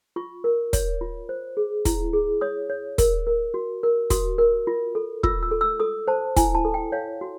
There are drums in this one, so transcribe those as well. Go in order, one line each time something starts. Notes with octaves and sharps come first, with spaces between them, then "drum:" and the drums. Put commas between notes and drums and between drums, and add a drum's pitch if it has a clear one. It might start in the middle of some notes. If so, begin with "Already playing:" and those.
F4 C#6
A#4
C#5, drum: kick, hi-hat
F4
C5
G#4
E4, drum: kick, hi-hat
G#4
C#5 D#6
C#5
A#4, drum: kick, hi-hat
A#4
F#4
A#4
F#4 D#6, drum: kick, hi-hat
A#4
F4
A4
F4 E6, drum: kick
E6
A4
E6
A4 D#6
C5 A5
E4 G#5, drum: kick, hi-hat
A5
A4
G5
C#5 F5
F#4